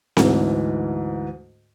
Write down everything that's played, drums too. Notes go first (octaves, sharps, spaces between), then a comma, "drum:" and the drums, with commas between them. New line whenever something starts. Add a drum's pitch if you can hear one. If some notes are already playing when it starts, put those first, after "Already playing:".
D2 G#2 E3, drum: snare C4